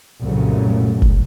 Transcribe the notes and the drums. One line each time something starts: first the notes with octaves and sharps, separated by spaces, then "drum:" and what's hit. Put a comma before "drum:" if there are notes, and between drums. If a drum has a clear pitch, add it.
C2 F#2 A#2 C#3 F#3 A3
drum: kick